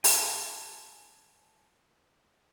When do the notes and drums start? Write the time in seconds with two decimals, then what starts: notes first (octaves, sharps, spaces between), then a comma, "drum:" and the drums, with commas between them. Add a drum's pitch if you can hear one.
0.04 G#5 A5, drum: open hi-hat